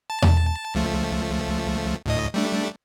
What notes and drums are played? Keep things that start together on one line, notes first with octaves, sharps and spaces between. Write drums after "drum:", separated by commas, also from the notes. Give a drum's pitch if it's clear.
A5
drum: tom E2
C#2 F3 A3
D2 A2 D#5
G3 A3 D4